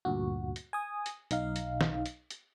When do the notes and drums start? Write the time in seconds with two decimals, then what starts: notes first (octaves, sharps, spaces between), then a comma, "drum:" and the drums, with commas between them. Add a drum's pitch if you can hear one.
0.05 D2 G2 A#2 F#4
0.56 drum: hi-hat
0.73 G#5 D#6
1.06 drum: hi-hat
1.31 B1 D#4 F5, drum: hi-hat
1.56 drum: hi-hat
1.81 drum: snare
2.06 drum: hi-hat
2.31 drum: hi-hat